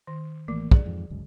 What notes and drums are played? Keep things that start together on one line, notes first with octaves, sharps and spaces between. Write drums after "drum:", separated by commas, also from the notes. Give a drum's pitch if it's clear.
D#3
A1 E3 A3 A#3
A1 G2 G#4 D5, drum: kick
F2 G#2
G1 C#2 F#2